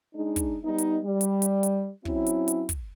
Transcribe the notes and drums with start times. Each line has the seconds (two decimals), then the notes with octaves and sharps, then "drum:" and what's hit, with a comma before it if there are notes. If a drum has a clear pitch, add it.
0.15 G#3 D4 D#4
0.36 drum: kick, hi-hat
0.64 G3 B3 D#4
0.78 drum: hi-hat
1.04 G3
1.21 drum: hi-hat
1.42 drum: hi-hat
1.63 drum: hi-hat
2.05 F#3 C4 C#4 E4, drum: kick
2.26 drum: hi-hat
2.48 drum: hi-hat
2.69 drum: kick, hi-hat